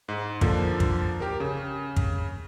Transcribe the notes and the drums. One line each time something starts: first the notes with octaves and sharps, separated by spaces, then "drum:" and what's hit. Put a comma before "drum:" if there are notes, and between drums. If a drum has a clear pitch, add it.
G#2
D3 F3 A#3, drum: kick
drum: kick
G4 A#4
C#3
drum: kick